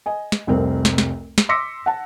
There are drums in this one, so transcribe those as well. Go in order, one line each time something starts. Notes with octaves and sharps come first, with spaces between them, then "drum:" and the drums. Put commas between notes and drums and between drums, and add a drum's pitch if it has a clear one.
D#5 G#5
drum: snare
F1 C2 C4 A#4
drum: snare
drum: snare
drum: snare
C6 D6 E6 A#6 B6 C#7
F#5 A5